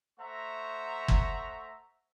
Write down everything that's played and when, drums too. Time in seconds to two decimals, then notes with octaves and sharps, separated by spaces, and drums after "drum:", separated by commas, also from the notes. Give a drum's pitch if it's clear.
0.19 A3 C5 E5 F#5 A#5 C#6
1.08 drum: kick